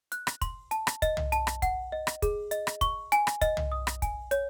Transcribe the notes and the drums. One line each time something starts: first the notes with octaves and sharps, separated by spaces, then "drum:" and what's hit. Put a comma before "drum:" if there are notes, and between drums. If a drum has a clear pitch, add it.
F#6, drum: hi-hat
drum: rim click
C6, drum: kick, hi-hat
A5, drum: hi-hat
drum: rim click
D#5, drum: kick, hi-hat
drum: tom
A5, drum: hi-hat
drum: rim click
F#5, drum: kick, hi-hat
D#5
drum: rim click
G#4, drum: kick, hi-hat
D#5, drum: hi-hat
drum: rim click
C#6, drum: kick, hi-hat
G#5, drum: hi-hat
drum: rim click
D#5, drum: kick, hi-hat
drum: tom
D#6
drum: rim click
G#5, drum: kick, hi-hat
C#5, drum: hi-hat